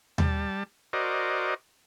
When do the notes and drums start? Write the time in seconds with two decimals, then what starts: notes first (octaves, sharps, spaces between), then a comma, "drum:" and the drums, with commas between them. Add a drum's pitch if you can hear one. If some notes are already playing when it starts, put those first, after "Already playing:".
0.18 G3 A5, drum: tom D#2
0.93 F#4 A#4 C5 D5 D#5